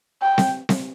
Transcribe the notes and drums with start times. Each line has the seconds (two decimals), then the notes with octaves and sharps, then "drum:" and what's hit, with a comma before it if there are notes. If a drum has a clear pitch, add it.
0.22 G5
0.38 drum: snare C4
0.69 drum: snare C4